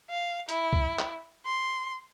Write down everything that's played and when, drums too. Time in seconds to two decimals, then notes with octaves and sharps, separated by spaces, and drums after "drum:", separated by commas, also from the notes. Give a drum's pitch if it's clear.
0.10 F5
0.49 E4, drum: hi-hat
0.73 drum: kick C2
0.99 drum: clap
1.46 C6